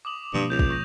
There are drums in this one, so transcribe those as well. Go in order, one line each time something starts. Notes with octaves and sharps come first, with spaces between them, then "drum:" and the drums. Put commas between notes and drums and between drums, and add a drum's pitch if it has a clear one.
D6 D#6 F#7
G2 B2 F3 A#3
C#2 G6 F7
drum: kick
C#6 G6 A#6